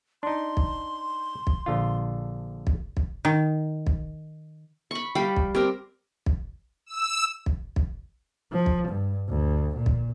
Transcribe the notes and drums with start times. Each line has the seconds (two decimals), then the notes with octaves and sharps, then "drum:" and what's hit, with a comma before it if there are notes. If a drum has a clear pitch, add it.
0.23 D4 D#4 C6
0.57 drum: kick
1.47 drum: kick
1.66 A#1 D3 F4
2.67 drum: kick
2.97 drum: kick
3.25 D#3
3.87 drum: kick
4.91 B5 C#6
5.15 G3 F5 G5 B5
5.36 drum: kick
5.55 C4 G4 A#4
6.26 drum: kick
6.86 E6
7.46 drum: kick
7.76 drum: kick
8.52 F3
8.66 drum: kick
8.88 G2
9.29 D2
9.77 A#2
9.86 drum: kick